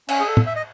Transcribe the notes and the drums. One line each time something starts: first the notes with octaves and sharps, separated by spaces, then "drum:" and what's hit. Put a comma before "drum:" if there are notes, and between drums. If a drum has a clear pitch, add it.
C#4, drum: cymbal
G#4
A4
drum: tom
E5
D#5